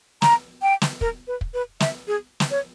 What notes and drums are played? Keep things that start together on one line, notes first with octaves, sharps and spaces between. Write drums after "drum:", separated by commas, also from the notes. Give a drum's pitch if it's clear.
A#5, drum: snare
G5
drum: snare
A#4, drum: kick
B4
drum: kick
B4
E5, drum: snare
G#4
drum: snare
C#5